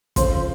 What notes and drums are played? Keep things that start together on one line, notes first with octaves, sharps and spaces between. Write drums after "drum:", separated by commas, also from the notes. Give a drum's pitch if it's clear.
F2 C#3 F3 C5 C6, drum: kick, hi-hat